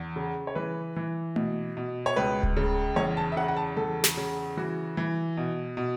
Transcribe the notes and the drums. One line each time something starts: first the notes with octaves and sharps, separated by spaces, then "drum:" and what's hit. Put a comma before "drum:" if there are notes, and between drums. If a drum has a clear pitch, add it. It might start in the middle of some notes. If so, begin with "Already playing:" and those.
Already playing: E2
C#3
C#5
E3 B4
E3
B2, drum: tom A3
B2
C#5
C#2 B4
drum: kick D1
C#3
E2 C#5
A5
E5
C#3 F#5
F#5
A5
E2 A4
drum: snare
C#3
E3 F#4
E3
B2
B2